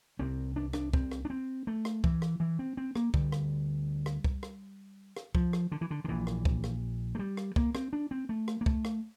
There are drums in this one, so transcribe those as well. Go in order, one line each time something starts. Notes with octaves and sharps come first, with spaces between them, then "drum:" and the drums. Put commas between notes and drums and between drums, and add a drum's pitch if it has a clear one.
C2 C3 C4
D4
D4, drum: rim click
C4, drum: kick
drum: rim click
D4
C4
A3
drum: rim click
E3, drum: kick
drum: rim click
E3
C4
C4
A#3, drum: rim click
D2 D3 G3, drum: kick
drum: rim click
drum: rim click
drum: kick
drum: rim click
drum: rim click
F3, drum: kick
drum: rim click
D3
E3
D3
D3
A#1 A#2 E3
drum: rim click
drum: kick
drum: rim click
A3
G3
drum: rim click
A#3, drum: kick
C4, drum: rim click
D4
C4
A3
drum: rim click
A#3
A3, drum: kick
drum: rim click